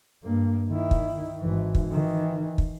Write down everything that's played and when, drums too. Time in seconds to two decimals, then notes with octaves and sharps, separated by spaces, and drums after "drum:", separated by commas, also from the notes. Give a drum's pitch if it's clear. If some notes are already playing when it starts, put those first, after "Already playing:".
0.24 G2 A#3
0.70 D#3 E4
0.91 drum: kick
1.39 G#1 E3
1.75 drum: kick
1.91 D#3 E3
2.58 drum: kick